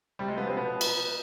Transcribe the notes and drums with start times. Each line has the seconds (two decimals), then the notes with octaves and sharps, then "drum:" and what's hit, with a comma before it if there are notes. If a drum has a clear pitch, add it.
0.19 C3 G3
0.28 G#3
0.38 F3 B3
0.47 C4
0.57 B2 B3
0.81 drum: cymbal